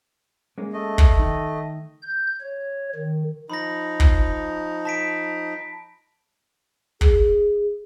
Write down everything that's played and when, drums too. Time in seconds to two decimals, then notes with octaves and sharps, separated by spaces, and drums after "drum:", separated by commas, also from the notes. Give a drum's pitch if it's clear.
0.58 G#3 A#3 C#4
0.73 A3 D#5
0.98 drum: kick
1.19 D#3
2.02 G6
2.41 C#5
2.95 D#3
3.50 F3 D#4 B5 A#6
4.00 drum: kick
4.85 A5 B6 D7
7.01 G#4, drum: kick